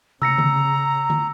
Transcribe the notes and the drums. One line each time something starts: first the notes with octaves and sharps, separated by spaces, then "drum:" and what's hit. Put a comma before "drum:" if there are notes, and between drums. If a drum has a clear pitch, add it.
C#3 A#5 E6 A#6 C#7, drum: tom
drum: tom D3
drum: tom D3